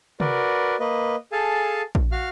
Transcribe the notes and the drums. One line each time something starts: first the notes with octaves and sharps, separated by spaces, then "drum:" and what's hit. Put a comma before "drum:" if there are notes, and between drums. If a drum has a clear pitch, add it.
F#4 A#4 B4 D5, drum: tom C3
A#3 B4 D#5
G#4 A4 F5 G#5 A5
drum: kick A#1
F#4 F5 F6